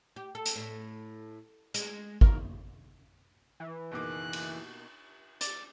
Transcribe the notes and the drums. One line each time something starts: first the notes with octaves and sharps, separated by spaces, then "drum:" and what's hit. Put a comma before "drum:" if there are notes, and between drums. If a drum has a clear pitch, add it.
G4
A4
drum: hi-hat
A2
G#3, drum: hi-hat
A#4, drum: kick
E3
F#1 B2 D#3 A#3 D6 F#6
drum: cymbal
D5, drum: hi-hat